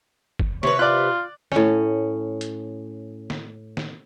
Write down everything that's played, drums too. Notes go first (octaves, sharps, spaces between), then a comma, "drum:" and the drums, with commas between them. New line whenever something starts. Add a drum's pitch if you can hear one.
drum: kick
C3 B4 C#5, drum: snare
F4 D5 F#6
A2 C#4, drum: snare
drum: hi-hat
drum: snare
drum: snare